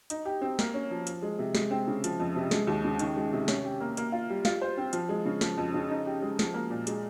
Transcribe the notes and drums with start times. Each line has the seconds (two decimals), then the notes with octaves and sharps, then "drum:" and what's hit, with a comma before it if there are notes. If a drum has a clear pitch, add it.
0.10 D#4, drum: hi-hat
0.25 G4
0.42 C4
0.59 A#3, drum: snare
0.74 C#4
0.91 F3
1.07 F3, drum: hi-hat
1.22 G#3
1.39 C3
1.55 G#3, drum: snare
1.71 C4
1.88 C#3
2.04 F3, drum: hi-hat
2.20 F2
2.36 C3
2.51 G#3, drum: snare
2.67 D#2
2.84 C#3
2.99 D#3, drum: hi-hat
3.17 G#3
3.33 C3
3.48 C#4, drum: snare
3.65 G4
3.81 A#3
3.97 A#3, drum: hi-hat
4.12 F4
4.30 G3
4.45 F4, drum: snare
4.62 C5
4.77 C4
4.93 F3, drum: hi-hat
5.09 G#3
5.25 C#3
5.41 F3, drum: snare
5.57 F2
5.74 C#3
5.90 D#4
6.06 G4
6.22 G#3
6.39 F3, drum: snare
6.54 A#3
6.70 A#2
6.87 G#3, drum: hi-hat